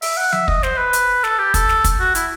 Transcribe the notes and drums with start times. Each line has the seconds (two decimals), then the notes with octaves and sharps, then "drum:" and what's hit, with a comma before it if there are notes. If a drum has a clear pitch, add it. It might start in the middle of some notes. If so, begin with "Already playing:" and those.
0.02 E5, drum: open hi-hat
0.17 F#5
0.32 E5, drum: tom F3
0.48 D#5, drum: kick
0.63 C5, drum: snare
0.78 B4
0.93 drum: hi-hat
1.24 A4, drum: snare
1.38 G4
1.54 A4, drum: kick, hi-hat
1.69 drum: snare
1.84 drum: kick, hi-hat
2.00 F#4
2.15 E4, drum: hi-hat